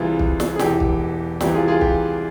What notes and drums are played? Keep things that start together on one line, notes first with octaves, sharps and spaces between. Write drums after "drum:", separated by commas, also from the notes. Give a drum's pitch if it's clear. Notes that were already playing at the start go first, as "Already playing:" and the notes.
Already playing: C2 C3 E3 F4 G#4
drum: kick
drum: snare
G#4
E1 E2 E3 G4, drum: snare
drum: kick
C2 C3 E3 G4, drum: snare
F4 G#4
F4 G#4
G4, drum: kick